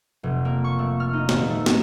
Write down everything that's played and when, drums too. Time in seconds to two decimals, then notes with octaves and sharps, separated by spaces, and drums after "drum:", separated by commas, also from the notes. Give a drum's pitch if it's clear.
0.23 F1
0.45 A#3
0.64 C#6
0.79 A3
1.00 F6
1.13 D#4
1.29 D#1, drum: snare
1.50 A3
1.66 D#4, drum: snare